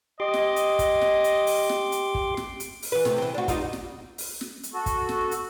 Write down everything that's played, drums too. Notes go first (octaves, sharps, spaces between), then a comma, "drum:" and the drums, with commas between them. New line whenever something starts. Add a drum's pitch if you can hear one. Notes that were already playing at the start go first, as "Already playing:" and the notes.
G4 D#5 C6 D6
drum: snare
drum: hi-hat
drum: kick, hi-hat
drum: snare
drum: hi-hat
drum: open hi-hat
drum: snare
drum: hi-hat
drum: kick
drum: snare
drum: hi-hat
drum: open hi-hat
E3 B4
C3 A3, drum: snare
E3 C4
D4 F#4
G3 D#4 F4, drum: kick, hi-hat
drum: snare
drum: open hi-hat
drum: snare
drum: hi-hat
F#4 A4
drum: kick, hi-hat
drum: snare
drum: hi-hat